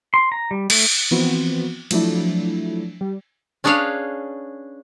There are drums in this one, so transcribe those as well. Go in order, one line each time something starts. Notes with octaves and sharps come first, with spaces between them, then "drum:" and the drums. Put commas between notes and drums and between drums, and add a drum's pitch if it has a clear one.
C6
A#5
G3
A3, drum: cymbal
E3 F3 B3 C4 F#4
F3 F#3 A3 D4 E4, drum: cymbal
G3
C#4 D4 G#4 B4 C#5 F5